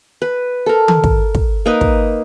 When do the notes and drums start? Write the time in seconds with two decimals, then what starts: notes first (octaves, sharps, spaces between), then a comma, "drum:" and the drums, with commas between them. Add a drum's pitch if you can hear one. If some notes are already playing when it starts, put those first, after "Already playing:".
0.22 B4
0.66 A4 A#4
0.88 drum: tom D#3
1.04 drum: kick
1.35 drum: kick
1.66 A#3 D#4 B4
1.81 drum: kick